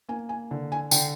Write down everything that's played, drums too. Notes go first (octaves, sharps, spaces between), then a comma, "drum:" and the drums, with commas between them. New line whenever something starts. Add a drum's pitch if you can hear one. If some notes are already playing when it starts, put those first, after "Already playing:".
A#3 G#5
G#5
D3
G#5
D3 G5, drum: tambourine